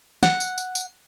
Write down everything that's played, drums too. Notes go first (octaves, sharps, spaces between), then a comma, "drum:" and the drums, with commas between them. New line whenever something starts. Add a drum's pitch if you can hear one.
F#5, drum: snare
drum: tambourine
drum: tambourine
drum: tambourine